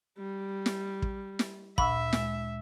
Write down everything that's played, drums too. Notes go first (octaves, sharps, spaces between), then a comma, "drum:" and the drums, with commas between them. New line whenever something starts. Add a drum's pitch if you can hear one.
G3
drum: snare
drum: kick
drum: snare
D2 A#2 E5 B5 E6, drum: kick
G#3, drum: snare